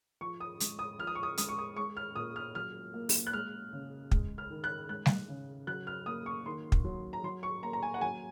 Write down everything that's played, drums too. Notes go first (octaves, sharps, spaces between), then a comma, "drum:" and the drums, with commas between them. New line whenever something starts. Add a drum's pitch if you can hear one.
F3 C#6
D#6
G#3, drum: hi-hat
D#6
F3 F6
D#6
C#6
D#6
G#3 D#6, drum: hi-hat
C#6
D#6
G#3 C#6
F6
A#2 D#6
F6
F#3 F6
A#3
drum: open hi-hat
F#6
G#3 F6
C#3
G#3, drum: kick
F6
D#3
F#6
G#3 F#6
drum: snare
C#3
F#3 F#6
F6
A#3 D#6
C#6
D#3 C6
drum: kick
F#3
A#5
F#3 C6
C#6
A#3 A#5
A#5
G#5
F#5
F#3 G#5